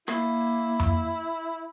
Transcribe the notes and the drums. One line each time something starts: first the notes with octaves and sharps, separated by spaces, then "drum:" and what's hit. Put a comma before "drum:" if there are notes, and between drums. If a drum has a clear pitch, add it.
A#3 E4, drum: rim click
drum: tom F2